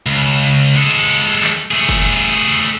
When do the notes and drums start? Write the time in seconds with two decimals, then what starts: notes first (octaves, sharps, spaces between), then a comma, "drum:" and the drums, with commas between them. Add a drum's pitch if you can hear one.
0.06 C#2
0.76 G#3 A4
1.43 drum: clap
1.71 A3 G#4
1.89 drum: kick